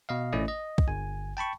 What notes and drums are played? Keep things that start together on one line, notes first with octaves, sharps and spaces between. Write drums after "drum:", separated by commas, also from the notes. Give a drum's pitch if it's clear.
B2 D#5 F5
A1 A3 C#4 E4 D5 D#5
D#5
drum: kick
G1 G#5
G5 A5 B5 C#6